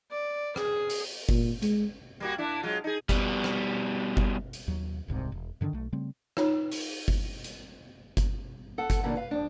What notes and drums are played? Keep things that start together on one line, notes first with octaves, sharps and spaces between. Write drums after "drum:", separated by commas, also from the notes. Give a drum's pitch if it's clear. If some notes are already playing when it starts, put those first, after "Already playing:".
D5
G#4, drum: rim click
drum: open hi-hat
A#2, drum: kick G1
G#3, drum: hi-hat
G3 A#3 F#4
A#3 D4 E4
F#3 G#3 F4
D#4 G#4
B2 G3, drum: kick G1, hi-hat
drum: rim click
drum: kick G1
drum: hi-hat
D#2 F#3
D#1 C2 G#2 C3
E1
G2 D3 D#3 D4
B1 A3
C#3 G3 A3 C4
D#4 F4 C#5, drum: rim click
drum: open hi-hat
drum: kick G1
drum: hi-hat
drum: kick G1, hi-hat
A4 F#5 A5
drum: kick G1, hi-hat
A#2 D3 E3 F#3 A#3 D4
B4 F5
F2 D4